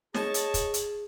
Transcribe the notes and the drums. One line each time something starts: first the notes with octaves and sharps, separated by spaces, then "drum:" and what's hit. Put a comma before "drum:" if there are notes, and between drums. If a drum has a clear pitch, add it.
G#4 C#5 D#5 A5, drum: snare
drum: hi-hat
drum: kick, hi-hat
drum: hi-hat